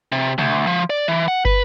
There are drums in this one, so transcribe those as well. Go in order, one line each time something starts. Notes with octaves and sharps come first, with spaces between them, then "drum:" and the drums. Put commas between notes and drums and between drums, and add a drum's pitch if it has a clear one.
C3
D2, drum: tom B2
F3
D5
E3
F#5
B4, drum: kick